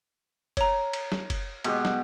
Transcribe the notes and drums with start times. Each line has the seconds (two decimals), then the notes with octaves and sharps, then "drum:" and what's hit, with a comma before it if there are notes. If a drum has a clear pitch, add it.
0.57 C#5 A#5, drum: kick F#1, cymbal
0.93 drum: cymbal
1.12 drum: snare
1.30 drum: kick F#1, cymbal
1.64 B2 G#3 G4, drum: cymbal
1.85 drum: snare